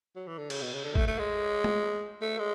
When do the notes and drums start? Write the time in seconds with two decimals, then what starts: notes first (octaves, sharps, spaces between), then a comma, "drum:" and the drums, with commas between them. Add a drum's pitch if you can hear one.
0.16 F#3
0.27 E3
0.38 D3
0.50 C#3, drum: cymbal
0.62 B2
0.73 C#3
0.84 D3
0.95 A3, drum: kick
1.07 A3
1.19 G#3
1.64 drum: tom G#3
2.21 A3
2.38 G#3